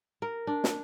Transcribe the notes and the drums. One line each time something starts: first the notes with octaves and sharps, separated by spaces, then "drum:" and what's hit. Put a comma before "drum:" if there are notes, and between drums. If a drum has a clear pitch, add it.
A#4
D4
drum: snare